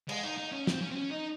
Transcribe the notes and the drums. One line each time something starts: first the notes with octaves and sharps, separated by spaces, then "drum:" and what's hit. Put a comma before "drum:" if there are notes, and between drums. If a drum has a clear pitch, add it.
G#3, drum: cymbal
D#4
D#4
C#4
C4, drum: snare
C#4
C4
C#4
D#4